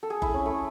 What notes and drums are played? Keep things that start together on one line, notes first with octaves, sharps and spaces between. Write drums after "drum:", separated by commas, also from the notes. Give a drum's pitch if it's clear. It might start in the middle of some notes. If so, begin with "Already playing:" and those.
A4
G#4
E4, drum: kick F#1
C#4
A3